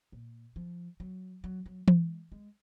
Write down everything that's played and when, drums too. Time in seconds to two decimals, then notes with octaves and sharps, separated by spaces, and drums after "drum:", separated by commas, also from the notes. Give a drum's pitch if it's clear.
0.12 A#2
0.56 F3
1.00 F#3
1.44 F#3
1.66 F#3
1.88 G#3, drum: tom E3
2.32 G#3